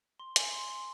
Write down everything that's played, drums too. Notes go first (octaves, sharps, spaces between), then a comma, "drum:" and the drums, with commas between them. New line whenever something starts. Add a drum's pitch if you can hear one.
C6
G#5, drum: hi-hat
C6
C6